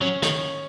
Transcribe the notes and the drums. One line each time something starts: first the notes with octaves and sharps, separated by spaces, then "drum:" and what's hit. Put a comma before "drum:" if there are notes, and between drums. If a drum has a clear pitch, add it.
F#3 C#4
D#3, drum: snare